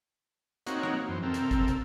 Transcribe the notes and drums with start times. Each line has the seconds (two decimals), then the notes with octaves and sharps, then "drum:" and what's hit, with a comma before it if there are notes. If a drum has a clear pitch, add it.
0.67 A#3 C4 D#4 F#4 C#5 F#5, drum: hi-hat
0.83 drum: rim click
1.08 F#2 E3 C5
1.23 C3 C4 A4 A#4
1.34 drum: hi-hat
1.51 drum: kick, hi-hat
1.68 drum: hi-hat